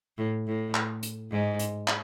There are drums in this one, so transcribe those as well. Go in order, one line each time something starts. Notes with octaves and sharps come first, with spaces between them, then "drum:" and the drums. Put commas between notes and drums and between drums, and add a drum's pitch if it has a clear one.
A2
A2
drum: clap
drum: hi-hat
G#2
drum: hi-hat
drum: clap